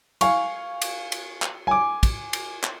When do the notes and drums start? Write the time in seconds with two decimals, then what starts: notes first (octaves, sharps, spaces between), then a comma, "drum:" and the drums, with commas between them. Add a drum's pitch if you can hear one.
0.21 F5 G#5 C#6, drum: cymbal
0.82 drum: cymbal
1.12 drum: cymbal
1.42 drum: clap
1.67 G#5 D6
2.03 drum: kick, cymbal
2.33 drum: cymbal
2.63 drum: clap